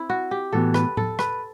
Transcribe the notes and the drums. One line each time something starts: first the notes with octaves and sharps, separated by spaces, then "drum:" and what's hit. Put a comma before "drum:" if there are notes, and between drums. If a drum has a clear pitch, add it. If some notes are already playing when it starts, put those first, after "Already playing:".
Already playing: C4 E4
F#4
G4
A2 E3 B3 F#4 A4
B4, drum: rim click
A4, drum: tom A2
B4, drum: rim click